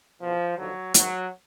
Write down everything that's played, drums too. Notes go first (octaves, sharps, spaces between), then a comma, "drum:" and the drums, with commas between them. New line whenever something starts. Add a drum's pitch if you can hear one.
E2 B2 F3
D#2 D3 F3 F#3
G#2 D#3 F#3, drum: hi-hat